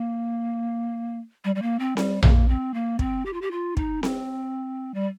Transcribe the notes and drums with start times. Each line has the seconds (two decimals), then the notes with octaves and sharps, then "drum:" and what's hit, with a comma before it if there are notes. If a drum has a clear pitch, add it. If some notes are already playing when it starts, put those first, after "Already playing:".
Already playing: A#3
1.44 G3
1.55 G3
1.62 A#3
1.79 C4
1.97 G3, drum: snare C4
2.23 A#3, drum: tom A#1
2.48 C4
2.74 A#3
2.99 C4, drum: kick
3.26 G4
3.33 F4
3.42 G4
3.51 F4
3.77 D#4, drum: kick
4.03 C4, drum: snare C4
4.94 G3